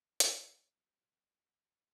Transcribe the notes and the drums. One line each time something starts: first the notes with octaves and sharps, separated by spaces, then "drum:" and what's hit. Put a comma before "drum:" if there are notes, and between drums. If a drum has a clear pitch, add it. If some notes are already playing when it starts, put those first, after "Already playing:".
F#3 C4 G4, drum: hi-hat